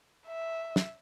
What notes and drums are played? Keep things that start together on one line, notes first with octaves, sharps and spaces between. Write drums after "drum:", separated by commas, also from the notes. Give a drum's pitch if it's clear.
E5
drum: snare